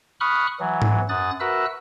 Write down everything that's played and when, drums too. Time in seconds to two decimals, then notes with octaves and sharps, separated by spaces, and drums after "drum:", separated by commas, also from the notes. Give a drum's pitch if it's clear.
0.20 B5 C#6 D#6 F6 F#6
0.60 E3 F#3
0.82 drum: tom G#2
1.09 F#2 D#6 F#6 A6
1.40 F#4 A#4 B4 E5 E6 F#6